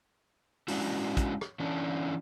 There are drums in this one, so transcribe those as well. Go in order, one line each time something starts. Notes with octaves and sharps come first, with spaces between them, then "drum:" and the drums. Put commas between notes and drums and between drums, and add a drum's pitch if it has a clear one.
G#3 C#4 D4 E4 F#4, drum: open hi-hat
drum: kick, hi-hat
drum: rim click
E3 C#4 D4